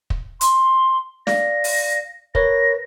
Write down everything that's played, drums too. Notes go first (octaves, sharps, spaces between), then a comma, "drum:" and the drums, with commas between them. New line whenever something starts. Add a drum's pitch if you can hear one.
drum: kick
C6, drum: hi-hat
D5 F5 A#6, drum: snare
drum: open hi-hat
A#4 B4 C#5 A#6, drum: kick